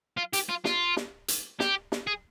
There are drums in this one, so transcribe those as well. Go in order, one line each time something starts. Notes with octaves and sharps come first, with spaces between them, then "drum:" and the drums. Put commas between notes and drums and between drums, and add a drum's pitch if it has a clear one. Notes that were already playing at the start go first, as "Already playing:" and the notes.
F4
G4, drum: hi-hat
F4
F4, drum: snare
drum: snare
drum: hi-hat
G4, drum: snare
drum: snare
G#4